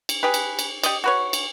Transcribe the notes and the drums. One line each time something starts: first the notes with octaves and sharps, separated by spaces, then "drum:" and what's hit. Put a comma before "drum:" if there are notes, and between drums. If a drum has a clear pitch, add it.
drum: cymbal
G4 G#4 B4
drum: cymbal
drum: cymbal
G4 D5 D#5, drum: cymbal
F#4 B4 C#5
drum: cymbal